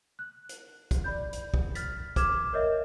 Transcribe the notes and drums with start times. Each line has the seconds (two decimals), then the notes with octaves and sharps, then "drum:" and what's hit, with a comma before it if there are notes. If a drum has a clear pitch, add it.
0.19 F#6
0.49 drum: hi-hat
0.91 drum: kick, hi-hat
1.04 D5 B5 G6
1.33 drum: hi-hat
1.54 drum: kick
1.75 F6 A6 B6, drum: hi-hat
2.16 D6 F6 G#6 E7, drum: kick, hi-hat
2.53 A#4 C#5 D#5 E5